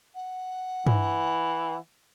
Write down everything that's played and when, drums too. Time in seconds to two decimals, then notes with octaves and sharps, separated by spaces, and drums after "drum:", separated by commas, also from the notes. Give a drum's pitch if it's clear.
0.15 F#5
0.87 E3, drum: tom G2